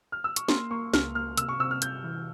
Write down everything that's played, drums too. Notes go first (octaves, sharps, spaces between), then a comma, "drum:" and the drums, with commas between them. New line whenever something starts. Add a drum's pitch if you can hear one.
F6
E6
C#6, drum: hi-hat
A#3 C6, drum: snare
A#3 C#6
C#2 F6, drum: snare
A#3 F6
C3 E6, drum: hi-hat
C#6
C3 E6
F6
C3 G6, drum: hi-hat
E3